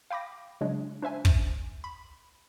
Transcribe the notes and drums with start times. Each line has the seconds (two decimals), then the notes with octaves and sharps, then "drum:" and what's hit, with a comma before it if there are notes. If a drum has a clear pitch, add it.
0.11 F5 G5 B5 D6 A#6
0.61 C#3 F#3 G#3 D4
1.02 D4 C5 E5 G#5
1.25 drum: kick
1.84 B5